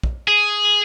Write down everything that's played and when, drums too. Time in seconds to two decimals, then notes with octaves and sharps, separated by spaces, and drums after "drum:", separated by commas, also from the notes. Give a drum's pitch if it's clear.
0.03 drum: kick
0.28 G#4